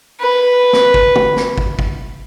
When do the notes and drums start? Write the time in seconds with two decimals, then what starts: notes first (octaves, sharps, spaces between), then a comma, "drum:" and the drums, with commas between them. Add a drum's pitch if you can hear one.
0.20 B4
0.73 drum: snare
0.94 drum: kick
1.15 drum: tom
1.36 drum: snare
1.58 drum: kick
1.79 drum: kick